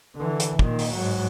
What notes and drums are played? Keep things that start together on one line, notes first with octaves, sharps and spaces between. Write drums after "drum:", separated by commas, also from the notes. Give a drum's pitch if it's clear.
D3 E3
drum: hi-hat
A#2 D#3, drum: kick
drum: open hi-hat
G#2 F#3